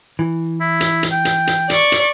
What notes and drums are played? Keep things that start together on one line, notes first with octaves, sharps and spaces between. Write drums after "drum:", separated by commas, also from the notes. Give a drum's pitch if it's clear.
E3
E4
drum: hi-hat
drum: hi-hat
G5
drum: hi-hat
drum: hi-hat
D5 C#6, drum: hi-hat
drum: hi-hat